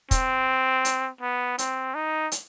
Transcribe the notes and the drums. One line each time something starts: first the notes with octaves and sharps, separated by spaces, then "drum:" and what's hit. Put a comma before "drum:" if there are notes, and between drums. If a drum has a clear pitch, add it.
C4, drum: kick, hi-hat
drum: hi-hat
B3
C4, drum: hi-hat
D#4
drum: hi-hat